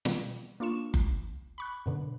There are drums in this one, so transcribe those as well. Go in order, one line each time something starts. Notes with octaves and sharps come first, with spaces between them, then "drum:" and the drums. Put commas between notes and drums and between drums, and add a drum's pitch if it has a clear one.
B2 G3, drum: snare
A#3 D4 F4 C#6 E7
drum: kick F#1
B5 C#6 F#6
F#2 B2 D3